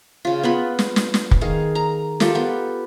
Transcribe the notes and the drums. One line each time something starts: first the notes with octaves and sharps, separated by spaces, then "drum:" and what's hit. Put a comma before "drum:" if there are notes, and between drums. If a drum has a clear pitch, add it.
C#3 F4
B3 F4 B5
drum: snare
drum: snare
drum: snare
drum: kick
D#3 G#4 F5
A#5
F4 G4 A4 A#4, drum: snare
B3 G4